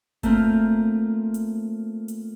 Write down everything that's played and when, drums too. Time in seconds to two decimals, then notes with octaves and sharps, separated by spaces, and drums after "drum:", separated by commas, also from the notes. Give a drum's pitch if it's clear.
0.23 A3 A#3 C4 F4, drum: kick G1, hi-hat
1.34 drum: hi-hat
2.08 drum: hi-hat